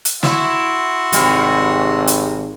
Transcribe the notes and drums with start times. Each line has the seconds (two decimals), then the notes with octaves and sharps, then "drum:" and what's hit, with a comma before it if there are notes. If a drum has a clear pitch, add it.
0.05 drum: hi-hat
0.23 E4 F#4 E5 C6, drum: snare
1.12 G#1 C3 G3, drum: hi-hat
2.07 drum: hi-hat